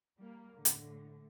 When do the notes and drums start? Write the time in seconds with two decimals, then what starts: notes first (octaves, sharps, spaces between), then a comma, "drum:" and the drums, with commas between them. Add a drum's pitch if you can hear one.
0.17 G3 A#3
0.53 A2 D3
0.65 drum: hi-hat